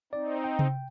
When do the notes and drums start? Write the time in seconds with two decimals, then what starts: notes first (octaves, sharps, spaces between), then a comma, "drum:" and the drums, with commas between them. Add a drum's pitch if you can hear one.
0.13 C4 D#4 D5
0.44 G5
0.59 drum: tom C3